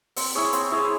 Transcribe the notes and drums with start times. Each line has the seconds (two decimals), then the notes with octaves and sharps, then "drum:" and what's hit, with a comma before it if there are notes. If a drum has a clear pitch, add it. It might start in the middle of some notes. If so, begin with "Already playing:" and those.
0.16 C4, drum: open hi-hat
0.35 E4 G#4 C#5
0.53 C4, drum: hi-hat
0.72 E4 G#4 C#5